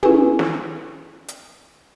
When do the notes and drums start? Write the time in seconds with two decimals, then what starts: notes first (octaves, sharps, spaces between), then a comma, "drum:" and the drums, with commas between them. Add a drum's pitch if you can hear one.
0.03 C#4 E4 G#4 A4 B4 G#5, drum: tom
0.39 drum: snare
1.28 drum: hi-hat